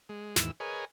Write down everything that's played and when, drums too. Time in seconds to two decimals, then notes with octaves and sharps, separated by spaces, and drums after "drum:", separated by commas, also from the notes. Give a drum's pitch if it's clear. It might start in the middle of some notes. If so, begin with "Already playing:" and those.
0.09 G#3
0.36 D#2 G#2 E3 E6, drum: snare
0.60 G#4 A#4 B4 C#5 D#5 G#5